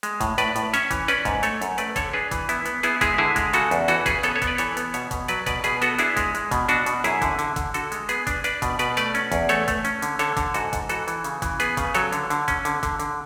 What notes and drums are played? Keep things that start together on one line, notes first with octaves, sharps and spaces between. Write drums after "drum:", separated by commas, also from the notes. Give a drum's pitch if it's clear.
G#3, drum: hi-hat
A2, drum: kick, hi-hat
A2 B4 D5, drum: hi-hat
A2, drum: hi-hat
C#4 C#5 E5, drum: hi-hat
E3, drum: kick, hi-hat
C#4 B4 D5, drum: hi-hat
G#2, drum: kick, hi-hat
A3 A4 C#5, drum: hi-hat
F#2, drum: hi-hat
A3 B4 D5, drum: hi-hat
D3 A4 C#5, drum: kick, hi-hat
D4 G#4 B4
E3, drum: kick, hi-hat
B3 E4, drum: hi-hat
B3, drum: hi-hat
B3 E4 G#4, drum: hi-hat
G#3 E4 G#4, drum: kick, hi-hat
D3 E4 G#4
G#3, drum: kick, hi-hat
C#3 F#4 A4, drum: hi-hat
E2, drum: hi-hat
E3 F#4 A4, drum: hi-hat
C#3 G#4 B4, drum: kick, hi-hat
B3 A4 C#5, drum: hi-hat
A4 C#5
B3, drum: kick, hi-hat
B4 D5
E3 A4 C#5, drum: hi-hat
B3, drum: hi-hat
B2 C#5 E5, drum: hi-hat
B2, drum: kick, hi-hat
F#3 B4 D5, drum: hi-hat
B2 B4 D5, drum: kick, hi-hat
B2 G#4 B4, drum: hi-hat
B3 F#4 A4, drum: hi-hat
D4 E4 G#4, drum: hi-hat
G#3, drum: kick, hi-hat
G#3, drum: hi-hat
B2, drum: kick, hi-hat
B2 D4 F#4, drum: hi-hat
B2, drum: hi-hat
F#2 E4 G#4, drum: hi-hat
D3, drum: kick, hi-hat
D3, drum: hi-hat
D3, drum: kick, hi-hat
D3 F#4 A4, drum: hi-hat
G#3, drum: hi-hat
B3 G#4 B4, drum: hi-hat
D4, drum: kick, hi-hat
D4 B4 D5, drum: hi-hat
B2, drum: kick, hi-hat
B2 B4 D5, drum: hi-hat
A3 B4 D5, drum: hi-hat
C#4, drum: hi-hat
E2, drum: kick, hi-hat
A3 A4 C#5, drum: hi-hat
A3, drum: kick, hi-hat
C#4, drum: hi-hat
D3, drum: hi-hat
D3 A4 C#5, drum: hi-hat
D3, drum: kick, hi-hat
G#2 F#4 A4, drum: hi-hat
G#2, drum: kick, hi-hat
E3 F#4 A4, drum: hi-hat
E3, drum: hi-hat
C#3, drum: hi-hat
E3, drum: kick, hi-hat
B3 G#4 B4, drum: hi-hat
C#3, drum: kick, hi-hat
F#3 A4 C#5, drum: hi-hat
D3, drum: hi-hat
D3, drum: hi-hat
C#4, drum: kick, hi-hat
D3, drum: hi-hat
D3, drum: kick, hi-hat
D3, drum: hi-hat